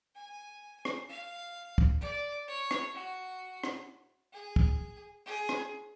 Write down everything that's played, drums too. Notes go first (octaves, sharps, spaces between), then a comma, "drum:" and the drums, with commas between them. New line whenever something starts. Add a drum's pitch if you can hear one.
G#5
drum: rim click
F5
drum: kick
D5
C#5
drum: rim click
F#4
drum: rim click
G#4
drum: kick
G#4
drum: rim click